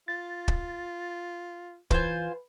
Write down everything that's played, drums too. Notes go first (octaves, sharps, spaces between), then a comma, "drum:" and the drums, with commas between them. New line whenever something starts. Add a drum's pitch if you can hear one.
F4 A6
drum: kick
E3 F4 B4 C5 G#5, drum: kick